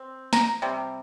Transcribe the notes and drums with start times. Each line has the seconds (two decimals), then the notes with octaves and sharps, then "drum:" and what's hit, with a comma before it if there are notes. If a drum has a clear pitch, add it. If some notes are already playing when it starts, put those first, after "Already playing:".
Already playing: C4
0.33 A#5, drum: snare
0.62 C3 G3